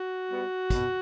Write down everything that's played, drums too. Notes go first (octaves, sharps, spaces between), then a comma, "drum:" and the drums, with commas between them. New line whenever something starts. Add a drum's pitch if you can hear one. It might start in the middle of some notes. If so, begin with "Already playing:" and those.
Already playing: F#4
G3 B3
B2, drum: kick, hi-hat